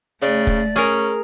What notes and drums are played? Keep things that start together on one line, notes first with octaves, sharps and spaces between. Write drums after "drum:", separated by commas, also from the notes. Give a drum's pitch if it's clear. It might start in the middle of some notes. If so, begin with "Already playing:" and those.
C#3 A3 D5
drum: kick
C#4 G#4 A#4